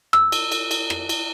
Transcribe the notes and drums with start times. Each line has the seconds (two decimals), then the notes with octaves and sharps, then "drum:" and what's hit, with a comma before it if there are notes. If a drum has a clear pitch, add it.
0.13 E6, drum: rim click
0.32 drum: cymbal
0.52 drum: cymbal
0.71 drum: cymbal
0.90 drum: rim click
1.09 drum: cymbal